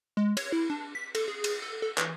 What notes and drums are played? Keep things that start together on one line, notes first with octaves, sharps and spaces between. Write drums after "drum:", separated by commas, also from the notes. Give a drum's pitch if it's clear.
G#3
C#5, drum: cymbal
E4
D4
B6
A4, drum: cymbal
G#4
drum: cymbal
A4
A4
E3, drum: clap